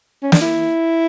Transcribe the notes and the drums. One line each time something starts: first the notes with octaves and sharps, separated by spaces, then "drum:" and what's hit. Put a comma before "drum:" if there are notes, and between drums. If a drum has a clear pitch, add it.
C#4
D4, drum: snare
E4